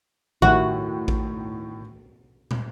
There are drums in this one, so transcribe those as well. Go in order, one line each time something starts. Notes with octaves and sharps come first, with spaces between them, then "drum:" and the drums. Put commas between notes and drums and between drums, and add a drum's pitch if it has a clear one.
A2 D#3 F#4, drum: kick A1
drum: kick A1
drum: tom